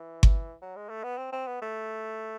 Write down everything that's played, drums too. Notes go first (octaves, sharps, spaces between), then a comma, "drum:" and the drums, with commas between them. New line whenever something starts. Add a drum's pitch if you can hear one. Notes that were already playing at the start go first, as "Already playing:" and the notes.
Already playing: E3
drum: kick G1
F#3
G#3
A3
B3
C4
C4
B3
A3